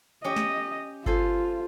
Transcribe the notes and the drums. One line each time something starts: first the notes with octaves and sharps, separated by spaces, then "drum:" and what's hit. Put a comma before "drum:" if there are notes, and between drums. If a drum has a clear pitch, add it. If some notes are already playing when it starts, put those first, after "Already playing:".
C#4 G4 D#5
drum: snare
F4 A4 C5 G#5, drum: kick G1